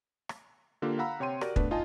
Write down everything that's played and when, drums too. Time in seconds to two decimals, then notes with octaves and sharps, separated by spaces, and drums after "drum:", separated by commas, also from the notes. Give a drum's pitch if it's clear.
0.29 drum: rim click
0.82 D3 A#3 F4 G4
0.99 F5 F#5 A#5 B5 E6
1.20 C3 C#5 G5 C6 D#7
1.41 F#4 G4 A#4 D5, drum: rim click
1.56 A3 B3 D4 B4, drum: kick
1.71 D#4 F4 D#5 G#5 A5